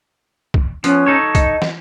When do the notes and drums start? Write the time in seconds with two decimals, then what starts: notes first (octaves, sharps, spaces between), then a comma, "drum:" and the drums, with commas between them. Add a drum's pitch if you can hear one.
0.54 drum: kick
0.84 F3 B3 C#4, drum: hi-hat
1.06 D#4 A4 C#5
1.35 D#5, drum: kick, hi-hat
1.62 drum: snare